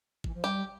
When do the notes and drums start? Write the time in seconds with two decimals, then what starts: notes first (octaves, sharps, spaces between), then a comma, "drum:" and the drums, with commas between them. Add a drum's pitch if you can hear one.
0.24 E3, drum: kick
0.34 F3
0.44 G3 G4